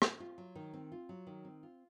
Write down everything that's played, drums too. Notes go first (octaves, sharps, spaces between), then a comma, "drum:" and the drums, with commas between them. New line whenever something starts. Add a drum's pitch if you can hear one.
C4, drum: rim click
F4
F#3
D#3
C4
F4
F#3
D#3
C4
F4